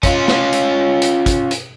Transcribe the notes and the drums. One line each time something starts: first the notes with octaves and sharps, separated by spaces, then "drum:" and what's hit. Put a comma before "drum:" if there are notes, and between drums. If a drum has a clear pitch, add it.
C#4 F4, drum: kick, hi-hat
drum: snare
drum: hi-hat
drum: hi-hat
drum: kick, hi-hat
drum: hi-hat